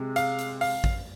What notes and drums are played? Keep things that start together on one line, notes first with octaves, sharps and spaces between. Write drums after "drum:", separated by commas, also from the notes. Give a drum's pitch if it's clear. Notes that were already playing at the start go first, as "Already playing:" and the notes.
Already playing: C3 G#3
F5, drum: hi-hat
drum: hi-hat
F5, drum: open hi-hat
drum: kick A1